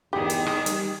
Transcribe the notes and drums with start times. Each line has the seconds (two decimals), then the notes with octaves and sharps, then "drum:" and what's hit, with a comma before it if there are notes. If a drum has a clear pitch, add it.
0.13 E2 D#3 G4 G#4
0.30 drum: hi-hat
0.46 drum: rim click
0.66 G3, drum: hi-hat